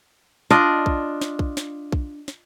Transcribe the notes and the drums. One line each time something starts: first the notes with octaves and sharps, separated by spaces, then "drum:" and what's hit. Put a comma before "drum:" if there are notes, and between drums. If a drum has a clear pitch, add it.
D4 F4 D#5, drum: snare
drum: kick A#1
drum: snare
drum: kick A#1
drum: snare
drum: kick A#1
drum: snare